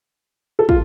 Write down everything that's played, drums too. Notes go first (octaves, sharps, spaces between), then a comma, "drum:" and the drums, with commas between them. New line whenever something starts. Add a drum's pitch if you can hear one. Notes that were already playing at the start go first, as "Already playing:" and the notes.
A4
F4, drum: kick